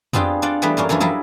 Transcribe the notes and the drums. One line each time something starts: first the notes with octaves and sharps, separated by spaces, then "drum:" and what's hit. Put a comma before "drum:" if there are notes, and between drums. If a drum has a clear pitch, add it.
B3 C4 D4 F4 G4 G#4, drum: tom F2
D4 F4 D5 F#5
E3 G3 A3 B3 D4
F#2 A#3 C#4 D4
F#2 E3 F3 D4 E4
F#3 G3 E4 G#4 A#4 A5, drum: tom